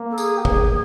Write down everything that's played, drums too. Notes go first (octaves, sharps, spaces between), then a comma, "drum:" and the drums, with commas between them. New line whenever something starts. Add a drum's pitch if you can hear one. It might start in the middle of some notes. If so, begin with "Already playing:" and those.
Already playing: A#3
A4
G#4, drum: tambourine
G4
G#4, drum: kick